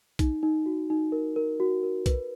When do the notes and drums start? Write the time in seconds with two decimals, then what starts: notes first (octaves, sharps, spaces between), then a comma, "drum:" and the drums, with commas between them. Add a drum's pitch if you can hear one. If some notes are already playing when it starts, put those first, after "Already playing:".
0.19 D#4, drum: kick B1, hi-hat
0.43 D#4
0.66 F#4
0.90 D#4
1.12 A#4
1.36 A#4
1.60 F#4
1.83 A#4
2.06 B4, drum: kick B1, hi-hat